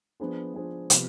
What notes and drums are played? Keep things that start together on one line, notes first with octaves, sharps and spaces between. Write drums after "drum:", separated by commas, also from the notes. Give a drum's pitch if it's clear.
F3 B3 D4 G#4 C5
F3 B3 D4 G#4 C5
C3 F3 B3, drum: hi-hat